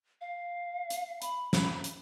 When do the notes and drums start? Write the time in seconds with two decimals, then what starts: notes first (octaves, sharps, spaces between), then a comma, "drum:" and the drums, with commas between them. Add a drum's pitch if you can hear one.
0.21 F5
0.90 drum: hi-hat
1.22 B5, drum: hi-hat
1.53 drum: snare
1.84 drum: hi-hat